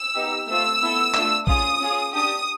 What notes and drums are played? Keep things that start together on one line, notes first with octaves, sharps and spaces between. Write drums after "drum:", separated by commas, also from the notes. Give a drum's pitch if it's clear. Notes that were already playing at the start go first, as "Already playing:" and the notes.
Already playing: E6
B3 D#4 G4
A3 C4 F4 E6
B3 E4 A4
A3 D4 F4, drum: clap
C#4 F4 G#4 D#6, drum: kick
C#4 F4 G#4
D4 G4 D#6